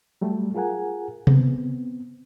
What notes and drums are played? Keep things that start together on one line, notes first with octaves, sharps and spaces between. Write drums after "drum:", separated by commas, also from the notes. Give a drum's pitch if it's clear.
F#3 G3 A3
F4 G#4 A#4 F#5 G#5
B3 C4, drum: tom C3